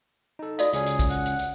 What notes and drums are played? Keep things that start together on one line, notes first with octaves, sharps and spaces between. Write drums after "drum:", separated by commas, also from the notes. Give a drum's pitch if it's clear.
D#4 A4
F#4 D5 D#5 F5, drum: hi-hat
C#2 C#4 G#4, drum: hi-hat
drum: hi-hat
drum: kick, hi-hat
F#5, drum: hi-hat
drum: hi-hat
drum: hi-hat